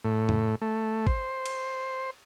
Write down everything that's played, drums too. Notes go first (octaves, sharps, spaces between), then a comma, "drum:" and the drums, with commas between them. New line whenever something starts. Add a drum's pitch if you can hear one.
A2
drum: tom
A3
C5, drum: kick
drum: cymbal